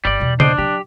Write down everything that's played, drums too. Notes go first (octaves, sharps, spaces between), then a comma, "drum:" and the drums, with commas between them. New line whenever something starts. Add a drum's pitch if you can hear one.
G1 G3 B3 D5
E2 B2
D4 C5 D#5 G5, drum: tom C#3
F#3 G4